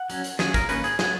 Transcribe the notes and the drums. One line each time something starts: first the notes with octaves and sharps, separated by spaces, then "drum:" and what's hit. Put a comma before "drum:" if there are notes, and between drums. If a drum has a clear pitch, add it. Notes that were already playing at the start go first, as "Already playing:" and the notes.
Already playing: F#5
F#3 C#4, drum: hi-hat
drum: hi-hat
D#3 F#3 C#4 G#4, drum: snare
A#4, drum: kick, hi-hat
D#3 A#3 C#4 B4, drum: hi-hat
G#4, drum: hi-hat
F#3 B3 G#4, drum: snare